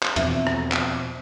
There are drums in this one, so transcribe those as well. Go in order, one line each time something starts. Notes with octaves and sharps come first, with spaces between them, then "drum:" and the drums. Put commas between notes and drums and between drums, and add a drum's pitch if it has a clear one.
drum: clap
E2 B2 F3 C4 E5, drum: hi-hat
drum: rim click
drum: clap